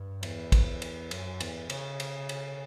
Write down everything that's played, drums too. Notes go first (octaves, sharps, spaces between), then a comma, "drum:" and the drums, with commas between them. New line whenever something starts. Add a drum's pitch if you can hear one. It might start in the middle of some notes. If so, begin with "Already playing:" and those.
Already playing: G2
E2, drum: cymbal
drum: kick, cymbal
drum: cymbal
F#2, drum: cymbal
E2, drum: cymbal
C#3, drum: cymbal
drum: cymbal
drum: cymbal